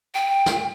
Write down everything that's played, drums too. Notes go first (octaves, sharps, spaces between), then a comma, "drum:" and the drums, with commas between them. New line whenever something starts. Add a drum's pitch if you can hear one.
G5
drum: snare